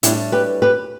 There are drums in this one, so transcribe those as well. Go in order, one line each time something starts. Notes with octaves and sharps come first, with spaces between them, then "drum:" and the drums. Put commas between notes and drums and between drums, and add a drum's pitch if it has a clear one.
A2 G3 D4 E4 G4, drum: hi-hat
G4 B4
G4 B4